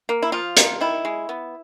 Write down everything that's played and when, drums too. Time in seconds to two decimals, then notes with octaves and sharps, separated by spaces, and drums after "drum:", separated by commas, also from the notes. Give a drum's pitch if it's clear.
0.09 A#3
0.22 E4
0.32 F3 F4
0.57 A#3, drum: hi-hat
0.81 D#3 E4
1.05 G#3
1.29 B3